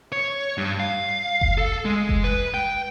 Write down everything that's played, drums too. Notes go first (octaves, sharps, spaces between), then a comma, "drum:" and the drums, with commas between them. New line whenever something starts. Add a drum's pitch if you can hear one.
C#5
G2
F5
drum: kick F#1
A4
G#3
drum: kick F#1
B4
G5